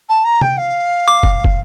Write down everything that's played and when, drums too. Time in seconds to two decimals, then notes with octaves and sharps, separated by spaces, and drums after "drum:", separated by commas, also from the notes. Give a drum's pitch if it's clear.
0.09 A5
0.24 A#5
0.41 G5, drum: tom C3
0.57 F5
1.08 D6
1.23 drum: kick
1.44 drum: kick